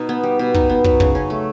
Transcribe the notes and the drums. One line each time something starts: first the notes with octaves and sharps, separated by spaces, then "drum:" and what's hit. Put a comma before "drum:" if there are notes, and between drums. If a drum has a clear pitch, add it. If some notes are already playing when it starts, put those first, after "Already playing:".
Already playing: B2 D#4
B3
G3
B2
D#4, drum: kick
B3
F#3, drum: kick
C#3, drum: kick
C#4
A3